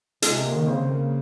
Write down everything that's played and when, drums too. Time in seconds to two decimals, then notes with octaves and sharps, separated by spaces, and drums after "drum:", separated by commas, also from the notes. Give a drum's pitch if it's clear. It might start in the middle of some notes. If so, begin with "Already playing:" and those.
0.22 C3 G#3, drum: hi-hat
0.44 A#3
0.56 D#3
0.67 C#3 C4
0.89 A#3